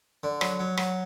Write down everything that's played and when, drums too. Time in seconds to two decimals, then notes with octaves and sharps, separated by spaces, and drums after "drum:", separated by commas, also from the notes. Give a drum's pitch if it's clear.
0.24 D3
0.41 F#3, drum: rim click
0.59 F#3
0.77 F#3, drum: rim click